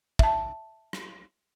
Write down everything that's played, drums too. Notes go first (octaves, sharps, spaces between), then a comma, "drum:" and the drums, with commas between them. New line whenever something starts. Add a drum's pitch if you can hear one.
E5 A5, drum: kick
drum: rim click